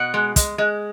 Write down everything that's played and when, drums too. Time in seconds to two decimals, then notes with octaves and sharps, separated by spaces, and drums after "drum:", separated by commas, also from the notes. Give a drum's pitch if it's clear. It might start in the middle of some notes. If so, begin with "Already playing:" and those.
Already playing: B2 F#5
0.14 G#3
0.36 G#3, drum: kick, hi-hat
0.58 G#3